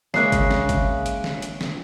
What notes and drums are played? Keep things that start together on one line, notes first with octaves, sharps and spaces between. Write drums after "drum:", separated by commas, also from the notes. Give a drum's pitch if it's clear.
C#3 G#3 A#3 E5 F#6 C7, drum: snare
drum: kick G1, hi-hat
drum: snare
drum: kick G1, hi-hat
drum: hi-hat
drum: snare
drum: hi-hat
drum: snare